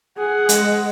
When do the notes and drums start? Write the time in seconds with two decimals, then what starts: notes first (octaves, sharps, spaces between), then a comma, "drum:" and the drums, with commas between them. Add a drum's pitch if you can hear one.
0.18 G#4 F#5
0.49 G#3, drum: hi-hat